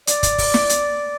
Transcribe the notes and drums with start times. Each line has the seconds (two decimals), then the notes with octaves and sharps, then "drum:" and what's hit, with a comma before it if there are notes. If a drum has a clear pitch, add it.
0.07 D5, drum: hi-hat
0.23 drum: kick, hi-hat
0.38 drum: kick, open hi-hat
0.54 drum: snare
0.69 drum: hi-hat